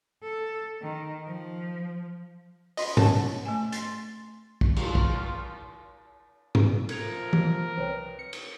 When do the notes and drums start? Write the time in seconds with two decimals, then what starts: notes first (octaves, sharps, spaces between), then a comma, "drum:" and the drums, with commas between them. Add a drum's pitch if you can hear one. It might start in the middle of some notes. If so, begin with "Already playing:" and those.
0.23 A4
0.82 D#3
1.27 F3
2.77 D#5 B5 C6, drum: open hi-hat
2.97 C#4 C#5 F#5 A5, drum: tom G#2
3.45 A3 G#5
3.72 C6 A6, drum: hi-hat
4.61 drum: kick
4.76 F4, drum: cymbal
4.95 drum: kick
6.55 drum: tom G#2
6.89 F3 A4 A#4 G#6 F7, drum: cymbal
7.33 drum: tom E3
7.77 C2 C4 B4 C#5 G5
8.19 C#7
8.33 drum: cymbal